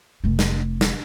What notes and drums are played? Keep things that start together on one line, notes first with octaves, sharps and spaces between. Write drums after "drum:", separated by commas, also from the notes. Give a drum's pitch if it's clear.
F1 A3
drum: snare
drum: snare